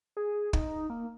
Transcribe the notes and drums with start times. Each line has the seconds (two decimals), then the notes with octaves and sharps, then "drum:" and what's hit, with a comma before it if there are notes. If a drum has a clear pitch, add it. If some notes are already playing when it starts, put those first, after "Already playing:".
0.17 G#4
0.53 D#4, drum: kick
0.90 A#3